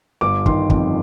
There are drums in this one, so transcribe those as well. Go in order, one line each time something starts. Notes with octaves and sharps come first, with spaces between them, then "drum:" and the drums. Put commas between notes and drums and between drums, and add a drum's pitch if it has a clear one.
G1 D6
D#3 C6, drum: kick
F2, drum: kick